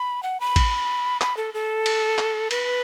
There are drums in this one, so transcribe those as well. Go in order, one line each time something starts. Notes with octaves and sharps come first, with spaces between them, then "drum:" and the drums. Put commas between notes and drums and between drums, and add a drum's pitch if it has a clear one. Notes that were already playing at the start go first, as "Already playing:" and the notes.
Already playing: B5
F#5
B5
drum: kick A1, cymbal
B5, drum: clap
A4
A4
drum: cymbal
drum: clap
B4, drum: cymbal